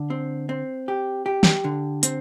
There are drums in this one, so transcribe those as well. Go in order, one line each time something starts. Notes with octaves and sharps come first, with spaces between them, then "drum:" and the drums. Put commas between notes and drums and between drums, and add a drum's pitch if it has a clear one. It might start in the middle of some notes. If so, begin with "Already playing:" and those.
Already playing: D3
C4
C4
G4
G4
drum: snare
D3
C4, drum: hi-hat